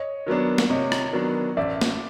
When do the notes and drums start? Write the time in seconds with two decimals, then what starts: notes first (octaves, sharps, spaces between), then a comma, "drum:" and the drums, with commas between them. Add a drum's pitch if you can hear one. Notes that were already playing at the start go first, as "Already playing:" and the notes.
Already playing: C#5 D#5
0.27 D#3 F#3 B3 D4
0.58 drum: snare
0.70 C3 C#5 D#5
0.92 drum: rim click
1.13 D#3 F#3 B3 D4
1.57 A1 D5 E5
1.81 drum: snare